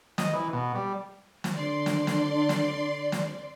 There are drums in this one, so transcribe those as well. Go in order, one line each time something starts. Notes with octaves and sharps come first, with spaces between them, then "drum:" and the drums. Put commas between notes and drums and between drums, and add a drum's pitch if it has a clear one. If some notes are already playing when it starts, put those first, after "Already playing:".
D#5, drum: snare
E3
B2
G3
drum: snare
D3 D5 C6
drum: snare
drum: snare
drum: snare
drum: snare